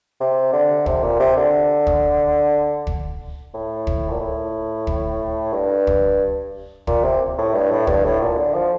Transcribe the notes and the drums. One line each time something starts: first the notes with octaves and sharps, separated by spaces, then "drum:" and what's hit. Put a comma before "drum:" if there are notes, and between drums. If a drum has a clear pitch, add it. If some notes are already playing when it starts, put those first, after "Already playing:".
C3
D3
C3, drum: kick
A#2
C3
D3
drum: kick
drum: kick
A2
drum: kick
A#2
A2
drum: kick
G2
drum: kick
A#2, drum: kick
C3
A2
G2
A2
G2, drum: kick
A2
A#2
D3
F3